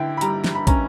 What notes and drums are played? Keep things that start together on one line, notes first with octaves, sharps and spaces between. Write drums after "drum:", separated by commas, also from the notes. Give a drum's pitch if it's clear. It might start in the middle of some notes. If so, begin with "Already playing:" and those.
Already playing: D3 E4 G5
B5
G3 A#5, drum: hi-hat
drum: snare
B5
C#4 A#5, drum: kick, hi-hat